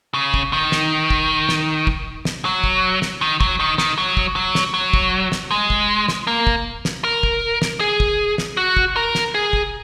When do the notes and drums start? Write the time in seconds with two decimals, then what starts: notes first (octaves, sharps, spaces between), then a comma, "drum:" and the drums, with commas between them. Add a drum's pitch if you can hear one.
0.14 C#3
0.34 drum: kick
0.53 D#3
0.72 drum: snare
1.10 drum: kick
1.49 drum: snare
1.87 drum: kick
2.25 drum: snare
2.45 F#3
2.64 drum: kick
3.02 drum: snare
3.21 D#3
3.41 F#3, drum: kick
3.60 D#3
3.78 D#3, drum: snare
3.98 F#3
4.17 drum: kick
4.36 F#3
4.55 drum: snare
4.74 F#3
4.93 drum: kick
5.32 drum: snare
5.51 G#3
5.70 drum: kick
6.08 drum: snare
6.27 A#3
6.47 drum: kick
6.85 drum: snare
7.04 A#4
7.23 drum: kick
7.62 drum: snare
7.80 G#4
8.00 drum: kick
8.38 drum: snare
8.57 F#4
8.77 drum: kick
8.96 A#4
9.15 drum: snare
9.35 G#4
9.53 drum: kick